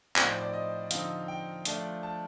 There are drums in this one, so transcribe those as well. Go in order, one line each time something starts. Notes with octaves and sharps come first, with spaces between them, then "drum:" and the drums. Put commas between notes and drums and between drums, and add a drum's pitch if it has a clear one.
A2 F3 C4 D#4 D5, drum: clap
C5
D5
D#5
D3 F3 C4 D#4 F5, drum: hi-hat
G5
F3 A3 D4 F4, drum: hi-hat
A5